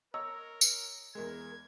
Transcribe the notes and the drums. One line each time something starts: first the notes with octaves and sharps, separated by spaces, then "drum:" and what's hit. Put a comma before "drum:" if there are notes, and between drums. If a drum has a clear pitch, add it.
A#4 C#5 D#5 A#5 E6
drum: tambourine
E2 G#3 A#4 G#6